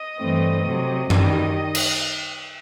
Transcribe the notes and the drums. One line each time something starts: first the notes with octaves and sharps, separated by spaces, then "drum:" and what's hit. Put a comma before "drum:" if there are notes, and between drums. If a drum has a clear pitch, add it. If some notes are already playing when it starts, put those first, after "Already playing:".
Already playing: D#5
G2 E3 A3 C4
C3 F#3 C4
F#2 D#3 G3 D#5, drum: tom F#2
drum: cymbal